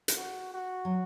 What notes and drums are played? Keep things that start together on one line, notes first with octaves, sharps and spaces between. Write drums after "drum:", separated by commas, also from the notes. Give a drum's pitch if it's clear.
drum: hi-hat
F#4
F#4
F#3